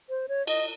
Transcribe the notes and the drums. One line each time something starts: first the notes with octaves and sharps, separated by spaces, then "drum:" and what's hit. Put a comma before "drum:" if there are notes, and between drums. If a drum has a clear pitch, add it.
C5
C#5
D#5, drum: cymbal